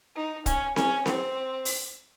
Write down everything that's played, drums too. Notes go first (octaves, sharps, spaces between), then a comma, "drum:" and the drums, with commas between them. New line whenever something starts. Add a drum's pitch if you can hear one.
D#4
C#4, drum: kick, hi-hat
C#4, drum: snare C4
C4, drum: snare C4
drum: open hi-hat